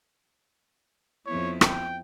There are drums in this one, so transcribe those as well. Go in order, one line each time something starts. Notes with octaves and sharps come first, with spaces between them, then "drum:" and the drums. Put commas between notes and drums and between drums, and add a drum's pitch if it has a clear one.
F2 B3 E4 C#5
G5, drum: rim click